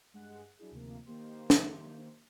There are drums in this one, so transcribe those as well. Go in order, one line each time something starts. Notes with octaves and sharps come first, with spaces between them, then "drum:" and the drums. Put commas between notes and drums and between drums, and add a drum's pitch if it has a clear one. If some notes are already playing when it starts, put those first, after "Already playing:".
G2 G#3 F#5 F#6
F#3 D4 E4 G#4
D2 C3 D#3 F3 A#3
D#3 A#3 G4 C5
drum: snare